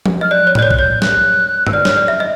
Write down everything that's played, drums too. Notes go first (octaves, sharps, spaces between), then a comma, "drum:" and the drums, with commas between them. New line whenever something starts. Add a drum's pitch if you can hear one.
drum: tom F3
D#5 F6
D5 F#6
C#5
F#6, drum: tom A2
D5
C#5 G6
F#6, drum: kick
C#5 G6
F#6, drum: snare
E6, drum: tom G2
D5 F6
C#5, drum: snare
D5
E5
D#5